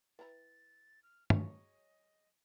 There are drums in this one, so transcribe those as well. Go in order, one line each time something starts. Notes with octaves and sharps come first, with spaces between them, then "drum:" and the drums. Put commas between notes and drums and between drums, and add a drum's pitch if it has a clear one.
E4 B4 G5 A#5 A6
F6
F#3 G#3 G#4 C#5 D#5 A#5, drum: tom